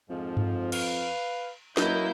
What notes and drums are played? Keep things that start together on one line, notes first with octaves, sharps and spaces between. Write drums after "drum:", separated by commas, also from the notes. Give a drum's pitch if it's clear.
F2 G#2 F3
drum: tom G2
B4 F5, drum: cymbal
F#3 A#3 C#4 E4 B4 D#5 G6, drum: snare